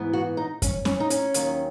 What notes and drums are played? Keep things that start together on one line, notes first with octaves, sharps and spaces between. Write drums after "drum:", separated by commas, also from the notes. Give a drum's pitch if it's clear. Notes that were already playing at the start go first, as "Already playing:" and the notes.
Already playing: G#2 E3 B3
F#4
D#4
C#4, drum: kick F#2, hi-hat
C#4, drum: snare C#4
D#4
C#4, drum: hi-hat
D#2 D#3 F#3, drum: hi-hat